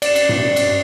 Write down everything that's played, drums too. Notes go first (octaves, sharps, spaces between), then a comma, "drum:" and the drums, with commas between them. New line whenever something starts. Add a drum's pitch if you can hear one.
D5 E7, drum: cymbal
drum: cymbal
drum: tom G2
drum: cymbal